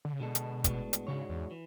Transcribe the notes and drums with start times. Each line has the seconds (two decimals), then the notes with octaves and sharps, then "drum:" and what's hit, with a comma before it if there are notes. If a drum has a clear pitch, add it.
0.05 D3
0.13 C#3
0.20 B2 D3 G#3 D4 A4
0.35 drum: hi-hat
0.64 A2 G#3 B3 D4 F#4, drum: kick, hi-hat
0.93 drum: hi-hat
1.07 G#2 C#3 G#3 D4 F#4 C#5
1.29 E2
1.51 E3